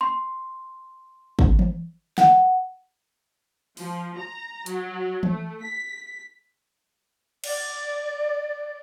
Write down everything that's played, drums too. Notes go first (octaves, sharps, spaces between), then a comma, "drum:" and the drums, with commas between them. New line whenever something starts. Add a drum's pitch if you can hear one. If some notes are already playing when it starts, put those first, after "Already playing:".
C6
drum: kick
drum: tom E3
F#5, drum: snare
F3, drum: open hi-hat
A#5
F#3, drum: hi-hat
A3, drum: tom E3
B6
D5, drum: cymbal